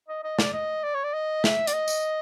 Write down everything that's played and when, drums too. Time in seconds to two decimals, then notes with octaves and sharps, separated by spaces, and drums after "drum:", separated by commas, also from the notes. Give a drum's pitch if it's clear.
0.08 D#5
0.24 D#5
0.39 D5, drum: snare
0.53 D#5
0.84 D5
0.94 C#5
1.04 D5
1.14 D#5
1.44 E5, drum: snare
1.67 D5, drum: hi-hat
1.73 D#5
1.88 drum: tambourine